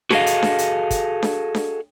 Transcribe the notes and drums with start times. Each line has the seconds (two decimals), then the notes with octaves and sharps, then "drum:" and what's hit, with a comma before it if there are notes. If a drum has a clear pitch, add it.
0.10 F#4 G#4 A4 B4 D#5 F5, drum: snare D4
0.26 drum: hi-hat
0.42 drum: snare D4
0.59 drum: hi-hat
0.91 drum: kick, hi-hat
1.23 drum: snare D4
1.55 drum: snare D4